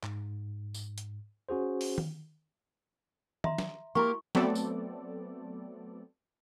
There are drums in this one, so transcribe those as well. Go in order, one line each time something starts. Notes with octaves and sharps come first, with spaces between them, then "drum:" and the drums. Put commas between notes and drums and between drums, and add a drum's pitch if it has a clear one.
G#2, drum: clap
drum: tambourine
drum: hi-hat
C#4 F#4 G#4 C5
drum: open hi-hat
drum: tom D#3
E5 A#5 C6, drum: tom D#3
drum: snare
A#3 E4 F#4 G4 A#4 C#6
F#3 A3 B3 C4 A4 D5, drum: snare
drum: tambourine